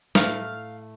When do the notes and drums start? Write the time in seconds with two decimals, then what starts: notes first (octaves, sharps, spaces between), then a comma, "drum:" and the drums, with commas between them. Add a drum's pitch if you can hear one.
0.15 A2 A3 F5 A#5 F6, drum: snare